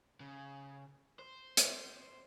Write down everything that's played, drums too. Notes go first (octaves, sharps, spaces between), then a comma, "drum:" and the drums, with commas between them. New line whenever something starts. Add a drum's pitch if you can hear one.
C#3
C5
drum: hi-hat